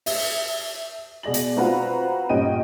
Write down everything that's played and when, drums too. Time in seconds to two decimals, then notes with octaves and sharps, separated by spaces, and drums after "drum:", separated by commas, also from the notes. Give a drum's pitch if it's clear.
0.06 E5, drum: open hi-hat
1.23 B2 G#4 D5 A#6 F#7
1.34 drum: hi-hat
1.57 C4 F4 F#4 B4 A#5
2.29 G2 A#2 C#4 D#5 G5 D#7